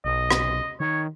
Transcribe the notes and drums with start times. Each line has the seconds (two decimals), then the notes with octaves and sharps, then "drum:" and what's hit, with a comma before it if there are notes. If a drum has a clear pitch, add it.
0.05 B1 D#5
0.31 drum: rim click
0.80 D#3 C#5